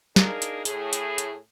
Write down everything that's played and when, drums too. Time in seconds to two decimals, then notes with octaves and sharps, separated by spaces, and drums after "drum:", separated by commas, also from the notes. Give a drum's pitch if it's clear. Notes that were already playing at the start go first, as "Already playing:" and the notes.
0.16 A#3 D4 D#4 G#4 A#4, drum: snare
0.42 drum: hi-hat
0.65 A2 G#4, drum: hi-hat
0.93 drum: hi-hat
1.18 drum: hi-hat